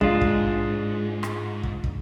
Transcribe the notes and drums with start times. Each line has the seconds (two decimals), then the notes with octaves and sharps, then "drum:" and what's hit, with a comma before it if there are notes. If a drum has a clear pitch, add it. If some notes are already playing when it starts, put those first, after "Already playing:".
0.01 G#2 G#3 D4 F4, drum: kick
0.21 drum: kick
1.23 drum: rim click
1.63 drum: kick
1.84 drum: kick